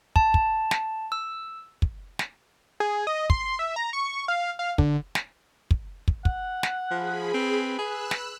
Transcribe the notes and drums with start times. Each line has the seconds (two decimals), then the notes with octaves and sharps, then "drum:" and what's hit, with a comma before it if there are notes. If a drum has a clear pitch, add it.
0.16 A5, drum: kick
0.34 drum: kick
0.71 drum: snare
1.12 E6
1.82 drum: kick
2.19 drum: snare
2.80 G#4
3.07 D#5
3.30 C6, drum: kick
3.59 E5
3.76 A#5
3.93 C#6
4.28 F5
4.59 F5
4.78 D3, drum: kick
5.15 drum: snare
5.71 drum: kick
6.08 drum: kick
6.25 F#5, drum: kick
6.63 drum: snare
6.91 F3 G#4 B5
7.34 C4 B4
7.78 G#4 E6 F#6
8.11 drum: snare